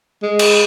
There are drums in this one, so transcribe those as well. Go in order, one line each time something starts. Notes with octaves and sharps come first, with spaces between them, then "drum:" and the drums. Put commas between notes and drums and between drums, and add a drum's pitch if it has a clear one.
G#3
drum: cymbal